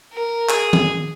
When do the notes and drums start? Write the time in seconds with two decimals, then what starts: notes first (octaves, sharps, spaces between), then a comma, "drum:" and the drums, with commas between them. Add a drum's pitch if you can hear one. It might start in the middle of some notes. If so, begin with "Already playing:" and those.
0.13 A#4
0.49 G#4, drum: clap
0.73 drum: tom